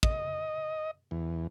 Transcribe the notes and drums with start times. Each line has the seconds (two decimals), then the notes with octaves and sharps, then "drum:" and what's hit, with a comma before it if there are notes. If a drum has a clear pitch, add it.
0.03 D#5, drum: kick
1.11 E2